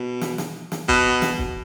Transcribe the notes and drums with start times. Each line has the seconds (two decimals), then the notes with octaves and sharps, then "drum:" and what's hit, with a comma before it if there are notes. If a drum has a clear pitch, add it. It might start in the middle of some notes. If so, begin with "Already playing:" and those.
Already playing: B2
0.21 drum: snare
0.38 drum: snare
0.72 drum: snare
0.88 B2, drum: kick
1.22 drum: snare
1.39 drum: kick